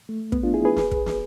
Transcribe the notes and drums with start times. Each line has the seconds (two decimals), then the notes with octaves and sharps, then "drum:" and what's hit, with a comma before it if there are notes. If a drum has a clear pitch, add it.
0.09 A3
0.32 B3, drum: kick
0.43 D4 F4
0.54 E4 G#4
0.65 G#4 B4
0.77 drum: snare
0.91 drum: kick
1.06 drum: snare